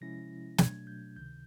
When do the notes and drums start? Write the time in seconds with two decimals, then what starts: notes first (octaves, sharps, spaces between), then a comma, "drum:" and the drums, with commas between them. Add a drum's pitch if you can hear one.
0.01 C3 F3 G#3 C#4 E4 A#6
0.58 B2 F#3 A3 D4 G#6, drum: snare
0.87 G6
1.16 C#2 C3 D#3 G6